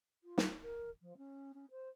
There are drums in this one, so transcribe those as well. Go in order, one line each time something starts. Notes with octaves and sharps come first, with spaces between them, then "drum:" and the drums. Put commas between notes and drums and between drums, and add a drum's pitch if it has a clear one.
F4
drum: snare
A#4
F3
C#4
C#4
C5